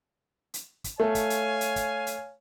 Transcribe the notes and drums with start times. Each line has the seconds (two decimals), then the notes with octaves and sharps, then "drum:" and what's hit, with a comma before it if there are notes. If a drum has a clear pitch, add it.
0.54 drum: hi-hat
0.84 drum: kick, hi-hat
1.00 A3 C#5 F5 G#5
1.15 drum: kick, hi-hat
1.30 drum: hi-hat
1.61 drum: hi-hat
1.76 drum: kick, hi-hat
2.07 drum: hi-hat